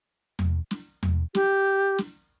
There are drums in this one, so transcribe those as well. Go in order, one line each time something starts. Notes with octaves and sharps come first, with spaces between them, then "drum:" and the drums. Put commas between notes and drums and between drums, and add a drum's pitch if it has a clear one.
drum: tom E2
drum: snare
drum: tom E2
G4, drum: snare
drum: snare